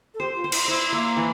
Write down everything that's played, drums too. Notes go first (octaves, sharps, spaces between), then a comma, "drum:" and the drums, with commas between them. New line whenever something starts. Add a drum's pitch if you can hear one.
A4
G4 C5
F4
C5
E4, drum: cymbal
E4 C5
A#3
E3